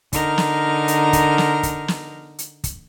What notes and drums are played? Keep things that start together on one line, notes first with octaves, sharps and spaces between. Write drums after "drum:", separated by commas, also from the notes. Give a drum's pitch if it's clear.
D3 D#4 A#4 F6, drum: kick, hi-hat
drum: snare
drum: hi-hat
drum: kick, hi-hat
drum: snare
drum: kick, hi-hat
drum: snare
drum: hi-hat
drum: kick, hi-hat